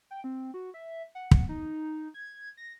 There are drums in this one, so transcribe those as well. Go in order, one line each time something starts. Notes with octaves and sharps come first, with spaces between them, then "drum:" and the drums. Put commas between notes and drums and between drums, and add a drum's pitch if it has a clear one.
G5
C4
F#4
E5
F#5
drum: kick
D#4
G#6
A#6